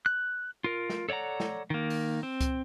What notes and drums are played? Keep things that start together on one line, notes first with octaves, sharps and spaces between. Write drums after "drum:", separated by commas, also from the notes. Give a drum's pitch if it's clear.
F#6
F4 A#4
drum: snare
A4 C#5 D5 F#5 A#5
drum: snare
D#3 A#3
drum: open hi-hat
C4
drum: kick C#2, hi-hat